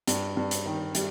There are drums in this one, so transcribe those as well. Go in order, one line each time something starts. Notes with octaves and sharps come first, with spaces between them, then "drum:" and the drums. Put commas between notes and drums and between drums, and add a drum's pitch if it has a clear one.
G2, drum: hi-hat
G2
drum: hi-hat
D#3
G3, drum: hi-hat